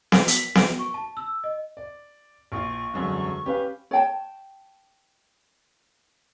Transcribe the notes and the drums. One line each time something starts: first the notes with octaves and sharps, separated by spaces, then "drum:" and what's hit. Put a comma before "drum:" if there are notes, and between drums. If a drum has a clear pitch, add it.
D7, drum: snare B3
B6, drum: hi-hat
D7, drum: snare B3
C#6
A5
E6
D#5
D5
A#1 F4 C#6
E1 C2 F#2 D3 F#3
C#4 G4 B4 F5
C#5 G5 A5